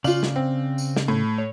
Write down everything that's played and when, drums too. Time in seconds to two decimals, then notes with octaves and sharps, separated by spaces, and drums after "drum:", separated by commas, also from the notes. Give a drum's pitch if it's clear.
0.04 C#3 F4 D5 F5 F#7, drum: tambourine
0.23 drum: snare
0.36 C4
0.78 drum: tambourine
0.96 drum: snare
1.08 A2
1.38 C#5